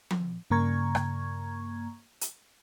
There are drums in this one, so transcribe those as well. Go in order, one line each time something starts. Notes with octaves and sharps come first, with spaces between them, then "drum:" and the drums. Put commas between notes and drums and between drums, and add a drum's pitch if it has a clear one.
drum: tom F3
G2 C#3 A#3 A#5 C#6 G#6
drum: rim click
drum: hi-hat